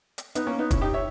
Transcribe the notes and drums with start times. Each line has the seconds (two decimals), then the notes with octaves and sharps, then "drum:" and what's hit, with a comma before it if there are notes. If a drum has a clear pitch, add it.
0.18 drum: hi-hat
0.35 B3 D#4, drum: hi-hat
0.47 A#3 C#4
0.59 B3 D#4
0.71 C#4 E4, drum: kick, hi-hat
0.82 D#4 G4
0.94 C#5 E5